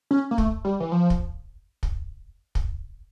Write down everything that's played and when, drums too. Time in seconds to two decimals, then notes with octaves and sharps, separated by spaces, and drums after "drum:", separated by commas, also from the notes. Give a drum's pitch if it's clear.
0.11 C#4
0.31 A#3
0.38 A3, drum: kick
0.65 G3
0.80 E3
0.92 F3
1.10 drum: kick
1.83 drum: kick
2.55 drum: kick